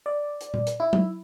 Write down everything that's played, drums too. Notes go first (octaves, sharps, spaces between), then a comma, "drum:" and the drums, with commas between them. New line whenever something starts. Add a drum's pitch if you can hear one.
D5
drum: hi-hat
drum: tom A#2
drum: hi-hat
E4
drum: tom F#3